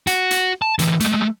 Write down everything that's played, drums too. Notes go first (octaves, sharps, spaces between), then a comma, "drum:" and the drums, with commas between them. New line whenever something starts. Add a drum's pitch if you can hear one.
F#4, drum: hi-hat
drum: hi-hat
A5
D3 E3, drum: hi-hat
G#3 A3, drum: hi-hat